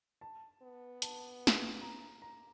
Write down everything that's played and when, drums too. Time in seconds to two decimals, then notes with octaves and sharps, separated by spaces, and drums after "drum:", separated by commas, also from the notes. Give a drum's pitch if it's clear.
0.21 A5
0.62 B3
1.02 A5, drum: hi-hat
1.47 drum: snare
1.81 A#5
2.22 A#5